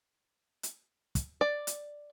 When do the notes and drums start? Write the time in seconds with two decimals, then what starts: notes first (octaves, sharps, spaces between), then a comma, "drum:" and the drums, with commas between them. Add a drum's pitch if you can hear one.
0.63 drum: hi-hat
1.15 drum: kick, hi-hat
1.41 D5
1.67 drum: hi-hat